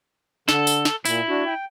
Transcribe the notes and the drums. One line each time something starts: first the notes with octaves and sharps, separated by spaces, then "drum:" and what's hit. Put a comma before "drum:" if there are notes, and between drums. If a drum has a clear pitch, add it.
D3 A4, drum: snare
drum: tambourine
drum: snare
A#2 E4, drum: tambourine
D4 F#4
G5